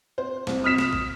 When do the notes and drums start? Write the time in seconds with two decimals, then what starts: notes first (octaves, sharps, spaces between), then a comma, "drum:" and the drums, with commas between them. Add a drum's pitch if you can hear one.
0.18 C5
0.47 C2, drum: snare
0.64 D#6 F6 B6 E7
0.78 drum: snare
0.93 drum: kick